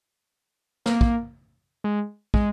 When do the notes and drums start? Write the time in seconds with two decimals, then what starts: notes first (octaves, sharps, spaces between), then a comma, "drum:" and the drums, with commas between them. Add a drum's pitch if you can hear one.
0.86 A#3, drum: snare
1.01 drum: kick
1.84 G#3
2.34 G#3, drum: kick